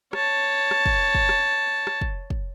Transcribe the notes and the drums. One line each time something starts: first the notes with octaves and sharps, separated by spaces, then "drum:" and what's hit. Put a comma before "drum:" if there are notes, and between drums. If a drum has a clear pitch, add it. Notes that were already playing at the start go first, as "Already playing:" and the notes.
C#5 A5, drum: rim click
drum: rim click
drum: kick
drum: kick
drum: rim click
drum: rim click
drum: kick
drum: kick